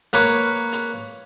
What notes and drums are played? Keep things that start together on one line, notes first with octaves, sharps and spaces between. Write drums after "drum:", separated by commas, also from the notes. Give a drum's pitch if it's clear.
A#3 B4 C#5, drum: hi-hat
drum: hi-hat